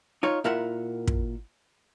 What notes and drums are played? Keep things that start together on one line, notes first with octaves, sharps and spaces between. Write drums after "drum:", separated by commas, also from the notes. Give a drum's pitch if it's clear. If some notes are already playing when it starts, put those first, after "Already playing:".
D#4 F4 C#5
A#2 E4 F4 A#4 E5 F#5
drum: kick